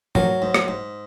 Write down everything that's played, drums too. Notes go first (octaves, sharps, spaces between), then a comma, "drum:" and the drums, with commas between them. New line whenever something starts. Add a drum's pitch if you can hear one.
F#3 A#4, drum: tom G#2
G#2
drum: rim click
G#2